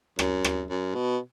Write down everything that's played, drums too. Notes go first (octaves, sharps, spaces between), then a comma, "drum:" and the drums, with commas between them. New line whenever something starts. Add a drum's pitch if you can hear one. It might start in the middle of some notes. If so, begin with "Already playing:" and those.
F#2, drum: rim click
drum: rim click
F#2
B2